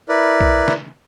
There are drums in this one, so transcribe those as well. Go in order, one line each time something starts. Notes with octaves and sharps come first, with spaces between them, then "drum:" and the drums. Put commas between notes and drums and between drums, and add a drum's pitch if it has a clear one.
E4 A#4 B4 D5
drum: kick B1
drum: snare